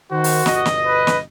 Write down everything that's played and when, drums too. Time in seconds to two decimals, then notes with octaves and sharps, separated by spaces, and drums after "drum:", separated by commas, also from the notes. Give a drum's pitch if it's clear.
0.12 D#3 F#4 C5
0.24 drum: open hi-hat
0.46 G1 B2 D#5, drum: snare
0.66 drum: snare
0.86 B4
1.07 drum: snare